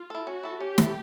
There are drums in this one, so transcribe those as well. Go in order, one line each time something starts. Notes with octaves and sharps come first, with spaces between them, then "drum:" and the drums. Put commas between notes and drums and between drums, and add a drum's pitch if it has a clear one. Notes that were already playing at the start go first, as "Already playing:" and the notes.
Already playing: F4
E4 A4
C#4 F#4
E4 A4
C#4 G4
E4 A4, drum: snare